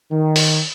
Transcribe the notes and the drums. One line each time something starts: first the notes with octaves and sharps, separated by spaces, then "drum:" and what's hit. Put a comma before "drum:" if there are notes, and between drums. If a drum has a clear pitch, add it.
D#3
drum: open hi-hat